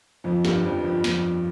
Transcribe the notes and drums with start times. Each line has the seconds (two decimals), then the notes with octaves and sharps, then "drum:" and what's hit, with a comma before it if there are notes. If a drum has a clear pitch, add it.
0.24 F2 F3
0.45 G2 G3, drum: snare
0.64 F2 F3
0.84 F2 F3
1.04 F2 F3, drum: snare